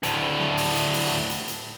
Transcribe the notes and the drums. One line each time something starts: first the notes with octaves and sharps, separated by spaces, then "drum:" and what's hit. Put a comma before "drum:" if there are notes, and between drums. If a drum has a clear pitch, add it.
D2 A2, drum: hi-hat
drum: snare
drum: open hi-hat
drum: hi-hat
drum: open hi-hat
drum: snare
drum: hi-hat
drum: hi-hat